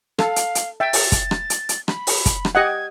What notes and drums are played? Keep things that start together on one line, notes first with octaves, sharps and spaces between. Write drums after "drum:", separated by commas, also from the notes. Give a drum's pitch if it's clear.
A4 F5, drum: rim click
drum: hi-hat
drum: hi-hat
E5 G5 A6
drum: open hi-hat
drum: kick, hi-hat
drum: rim click
drum: hi-hat
drum: hi-hat
B5, drum: rim click
drum: open hi-hat
drum: kick, hi-hat
drum: rim click
G4 D#5 F#5 G#6